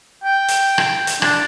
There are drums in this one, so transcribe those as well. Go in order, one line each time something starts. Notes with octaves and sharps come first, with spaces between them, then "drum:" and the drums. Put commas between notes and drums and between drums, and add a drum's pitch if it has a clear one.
G5
drum: hi-hat
drum: rim click
drum: hi-hat
D4, drum: rim click